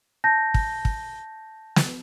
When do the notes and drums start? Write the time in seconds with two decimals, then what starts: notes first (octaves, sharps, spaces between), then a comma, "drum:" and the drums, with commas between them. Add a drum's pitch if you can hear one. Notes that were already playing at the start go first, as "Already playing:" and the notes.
0.24 A5 G6 A#6
0.54 drum: kick
0.85 drum: kick
1.76 drum: snare